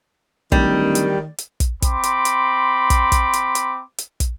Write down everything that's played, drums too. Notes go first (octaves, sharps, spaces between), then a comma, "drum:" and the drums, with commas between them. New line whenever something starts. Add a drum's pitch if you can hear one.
D1 D#3 G3, drum: kick
drum: hi-hat
drum: hi-hat
drum: kick, hi-hat
C4 B5 C6 D6, drum: kick, hi-hat
drum: hi-hat
drum: hi-hat
drum: kick, hi-hat
drum: kick, hi-hat
drum: hi-hat
drum: hi-hat
drum: hi-hat
drum: kick, hi-hat